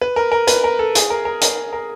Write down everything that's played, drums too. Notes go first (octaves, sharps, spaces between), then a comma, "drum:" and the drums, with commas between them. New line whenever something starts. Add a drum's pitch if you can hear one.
B4
A#4
A#4
B4, drum: hi-hat
A#4
A4
G#4, drum: hi-hat
A#4
A#4
A#4, drum: hi-hat
A#4